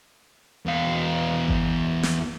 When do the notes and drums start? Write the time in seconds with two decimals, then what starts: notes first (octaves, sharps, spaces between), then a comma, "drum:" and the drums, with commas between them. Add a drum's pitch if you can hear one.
0.66 E2 F5
1.48 drum: kick G#1
2.03 drum: snare